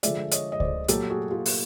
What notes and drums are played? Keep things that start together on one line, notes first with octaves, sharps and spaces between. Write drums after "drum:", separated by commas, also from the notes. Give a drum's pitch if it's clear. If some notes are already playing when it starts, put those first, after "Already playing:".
D3 F3 G#3 D5 E5, drum: hi-hat
C#5 D#5, drum: hi-hat
D#5
C5 D5, drum: kick C#2
A#2 F#3 G4 A4, drum: hi-hat
F#4 G#4
F4 G4
drum: open hi-hat